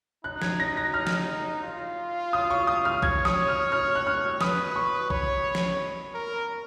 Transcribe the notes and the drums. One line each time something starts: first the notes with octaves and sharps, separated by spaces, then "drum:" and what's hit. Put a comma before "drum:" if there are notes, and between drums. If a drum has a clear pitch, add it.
D#4 F#6
G#6, drum: snare
A#6
A#6
F6
drum: snare
F4
D#6
C#6
D#6
F6
C#5 G#6, drum: kick
D#6, drum: snare
F6
F6
F#6
F6
B4 D#6, drum: snare
C#6
C#5 B5, drum: kick
drum: snare
A#4